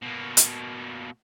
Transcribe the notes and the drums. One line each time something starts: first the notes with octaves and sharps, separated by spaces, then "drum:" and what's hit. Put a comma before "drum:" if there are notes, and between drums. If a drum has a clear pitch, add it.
B2 A#3
drum: hi-hat